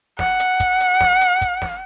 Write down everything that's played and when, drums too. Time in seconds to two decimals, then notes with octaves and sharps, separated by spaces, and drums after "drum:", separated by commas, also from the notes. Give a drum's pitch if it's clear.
0.19 F#5, drum: snare
0.40 drum: hi-hat
0.60 drum: kick, hi-hat
0.80 drum: hi-hat
1.01 drum: snare
1.21 drum: hi-hat
1.41 drum: kick, hi-hat
1.62 drum: snare